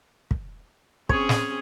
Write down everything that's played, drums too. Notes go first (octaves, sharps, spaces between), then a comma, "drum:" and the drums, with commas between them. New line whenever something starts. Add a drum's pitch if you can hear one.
drum: kick
C4 C#4 G#4 C#5, drum: kick
drum: snare